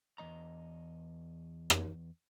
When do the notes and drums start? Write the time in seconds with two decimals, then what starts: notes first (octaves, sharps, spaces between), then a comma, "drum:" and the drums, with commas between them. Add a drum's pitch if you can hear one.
0.18 E2 G#3 D#5 A#5
1.70 drum: rim click